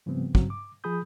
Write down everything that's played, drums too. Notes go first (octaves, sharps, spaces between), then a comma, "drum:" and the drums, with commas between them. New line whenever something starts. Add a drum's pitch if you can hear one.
G#2 C#3 F3 G3 B3 C4
G2 C#3 F#3 C4, drum: kick
D6
F3 G#4 B5 D#6 G6